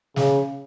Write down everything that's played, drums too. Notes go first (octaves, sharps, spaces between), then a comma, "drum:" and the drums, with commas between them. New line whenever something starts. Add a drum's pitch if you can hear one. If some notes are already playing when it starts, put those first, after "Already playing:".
C#3, drum: snare